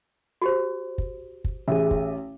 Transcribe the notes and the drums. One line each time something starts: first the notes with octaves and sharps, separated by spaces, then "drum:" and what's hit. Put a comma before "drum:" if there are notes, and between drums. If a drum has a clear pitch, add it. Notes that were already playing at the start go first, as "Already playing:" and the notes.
F#4 G4 C5
drum: kick
drum: kick
A1 G#4 E5
drum: kick